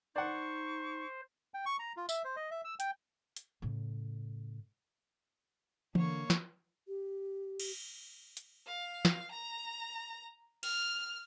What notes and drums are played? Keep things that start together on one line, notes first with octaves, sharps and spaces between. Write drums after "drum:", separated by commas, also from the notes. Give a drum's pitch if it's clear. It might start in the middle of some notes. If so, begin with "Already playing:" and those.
D#4 C5 D5 F#5 C#6
G5
C#6
A#5
F4
E5, drum: tambourine
C5
D#5
E5
E6
G5, drum: hi-hat
drum: hi-hat
A2 C#3
D3 A#3 C#5, drum: tom E3
drum: snare
G4
drum: cymbal
drum: hi-hat
F5
drum: snare
A#5
F6, drum: cymbal